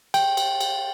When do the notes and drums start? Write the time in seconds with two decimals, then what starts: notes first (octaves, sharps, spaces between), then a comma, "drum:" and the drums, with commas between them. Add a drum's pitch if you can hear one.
0.14 G5, drum: cymbal
0.37 drum: cymbal
0.60 drum: cymbal